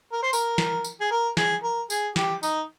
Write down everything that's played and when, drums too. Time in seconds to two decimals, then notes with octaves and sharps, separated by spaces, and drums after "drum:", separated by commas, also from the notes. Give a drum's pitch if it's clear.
0.12 A#4
0.23 C5
0.33 A#4, drum: tambourine
0.58 drum: snare
0.84 drum: tambourine
1.00 G#4
1.11 A#4
1.37 G#4, drum: snare
1.63 A#4
1.90 G#4, drum: tambourine
2.16 G4, drum: snare
2.43 D#4, drum: tambourine